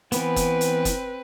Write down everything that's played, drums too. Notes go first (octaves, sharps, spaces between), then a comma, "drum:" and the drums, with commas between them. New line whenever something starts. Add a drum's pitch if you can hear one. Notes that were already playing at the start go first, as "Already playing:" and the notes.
E3 B3 C4 B4, drum: hi-hat
drum: kick F#1, hi-hat
drum: hi-hat
drum: kick F#1, hi-hat